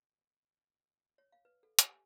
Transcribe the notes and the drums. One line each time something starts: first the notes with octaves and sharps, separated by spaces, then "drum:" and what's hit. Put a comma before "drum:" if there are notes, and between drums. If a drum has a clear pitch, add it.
C#5
F5
B4
A4
G4, drum: hi-hat
G#5